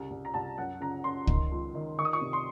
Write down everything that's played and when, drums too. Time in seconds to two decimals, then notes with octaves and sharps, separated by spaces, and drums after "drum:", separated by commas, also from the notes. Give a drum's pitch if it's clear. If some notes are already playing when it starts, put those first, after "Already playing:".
Already playing: C2 C#3
0.10 C2
0.25 A#5
0.34 C2 A5
0.58 F#2 F#5
0.80 C#3 A#5
1.04 C#3 C6
1.27 D#3, drum: kick
1.51 C#2
1.75 D#3
1.98 D#3 C#6
2.05 D#6
2.13 C#6
2.21 C3
2.33 C6